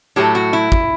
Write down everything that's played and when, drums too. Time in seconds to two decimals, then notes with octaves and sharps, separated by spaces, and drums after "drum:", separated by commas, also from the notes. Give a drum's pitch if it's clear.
0.16 A2 F#3 A3 G4
0.35 F#4
0.53 E4
0.72 drum: kick